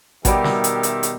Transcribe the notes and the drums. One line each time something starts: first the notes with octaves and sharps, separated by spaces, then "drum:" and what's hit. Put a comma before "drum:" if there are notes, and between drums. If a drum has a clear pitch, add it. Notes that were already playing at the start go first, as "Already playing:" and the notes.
B2 D#3 G3 G4 E5, drum: kick G#1, hi-hat
drum: snare
drum: hi-hat
drum: hi-hat
drum: hi-hat